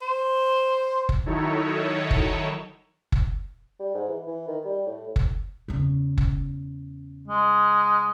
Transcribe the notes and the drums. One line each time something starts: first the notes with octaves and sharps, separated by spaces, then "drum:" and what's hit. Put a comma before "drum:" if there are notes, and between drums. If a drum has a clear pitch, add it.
C5
drum: kick F#1
D#3 F#3 D#4 E4 A4 C#5
drum: kick F#1
drum: kick F#1
G3
G#2
E3
E3
D#3
G3
A2
drum: kick F#1
E2 C#3
drum: kick F#1
G#3